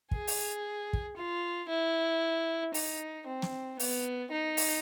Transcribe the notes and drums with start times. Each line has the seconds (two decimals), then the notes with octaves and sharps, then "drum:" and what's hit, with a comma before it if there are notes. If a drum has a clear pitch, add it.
0.11 G#4, drum: kick
0.27 drum: open hi-hat
0.93 drum: kick
1.17 F4
1.69 E4
2.74 D#4, drum: open hi-hat
3.27 C4
3.42 drum: snare
3.80 B3, drum: open hi-hat
4.31 D#4
4.57 drum: open hi-hat